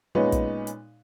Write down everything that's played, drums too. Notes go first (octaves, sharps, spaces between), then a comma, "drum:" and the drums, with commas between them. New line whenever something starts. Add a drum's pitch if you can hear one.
A#2 G#3 B3 C#4 D#4
drum: kick, hi-hat
drum: hi-hat